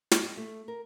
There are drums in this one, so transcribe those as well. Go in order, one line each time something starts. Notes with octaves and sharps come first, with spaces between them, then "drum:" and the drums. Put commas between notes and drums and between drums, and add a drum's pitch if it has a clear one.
drum: snare
G#3
A3
A#4